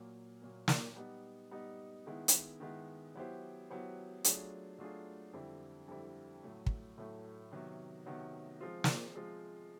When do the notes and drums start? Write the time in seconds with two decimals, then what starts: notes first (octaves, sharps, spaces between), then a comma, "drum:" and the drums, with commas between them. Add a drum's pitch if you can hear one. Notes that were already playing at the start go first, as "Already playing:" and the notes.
Already playing: A#2 F#3 A#3
0.42 A#2 F#3 A#3
0.68 drum: snare
0.96 G3 B3 D#4
1.51 G3 B3 D#4
2.06 D#3 G#3 B3 E4
2.28 drum: hi-hat
2.60 D#3 G#3 B3 E4
3.15 F#3 B3 E4 G4 C5
3.70 F#3 B3 E4 G4 C5
4.24 F#3 A3 D4 F4 G#4, drum: hi-hat
4.79 F#3 A3 D4 F4 G#4
5.33 F2 D3 G3 C4 E4
5.87 F2 D3 G3 C4 E4
6.43 A2 F#3 A3
6.66 drum: kick
6.98 A2 F#3 A3
7.51 C3 D#3 F#3 B3
8.06 C3 D#3 F#3 B3
8.61 F3 G#3 C4 F4
8.84 drum: snare
9.15 F3 G#3 C4 F4